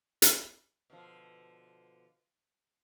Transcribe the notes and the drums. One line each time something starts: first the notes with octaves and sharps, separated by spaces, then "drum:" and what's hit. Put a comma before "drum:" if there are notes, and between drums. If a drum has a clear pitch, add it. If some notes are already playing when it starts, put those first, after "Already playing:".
drum: hi-hat
B2 D3 F3